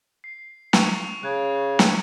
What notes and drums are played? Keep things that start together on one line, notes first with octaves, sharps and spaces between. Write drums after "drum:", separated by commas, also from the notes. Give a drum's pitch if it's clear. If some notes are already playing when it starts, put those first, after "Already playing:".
C7
C#6 D7 F7, drum: snare
C#3 F#6 G#6
drum: snare